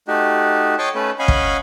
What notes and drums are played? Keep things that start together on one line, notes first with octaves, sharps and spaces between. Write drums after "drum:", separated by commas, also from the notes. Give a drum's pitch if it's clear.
A3 D#4 F#4 G4
C#5 D#5 G5 A5 C6 C#6
A3 C#4 B4
C#4 D#5 F5 F#5 G#5 B5
drum: kick